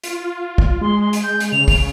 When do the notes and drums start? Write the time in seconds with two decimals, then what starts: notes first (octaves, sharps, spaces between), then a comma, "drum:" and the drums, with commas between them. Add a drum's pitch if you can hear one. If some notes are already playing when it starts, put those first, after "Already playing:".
0.04 F4, drum: hi-hat
0.58 drum: kick
0.81 G#3 C6
1.13 drum: hi-hat
1.24 G6
1.40 drum: hi-hat
1.52 C#3 F7
1.68 drum: kick, open hi-hat